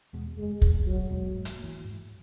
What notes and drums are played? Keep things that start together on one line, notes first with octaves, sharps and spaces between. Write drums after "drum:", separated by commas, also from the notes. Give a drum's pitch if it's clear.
E2 B2 G#3
F#1 G#3
E2 B2 G#3, drum: kick
F#1 F#3
E2 B2 G#3
G#2
drum: hi-hat
E3 A#3
G#2